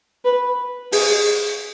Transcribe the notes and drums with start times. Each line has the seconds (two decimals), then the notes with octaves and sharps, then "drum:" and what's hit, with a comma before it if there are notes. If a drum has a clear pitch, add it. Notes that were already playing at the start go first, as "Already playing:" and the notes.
0.25 B4
0.92 G#4, drum: open hi-hat